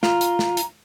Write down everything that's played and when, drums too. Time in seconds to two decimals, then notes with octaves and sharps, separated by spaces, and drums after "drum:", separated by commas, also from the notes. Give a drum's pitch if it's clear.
0.03 F4 A#5, drum: snare
0.21 drum: hi-hat
0.39 drum: snare
0.57 drum: hi-hat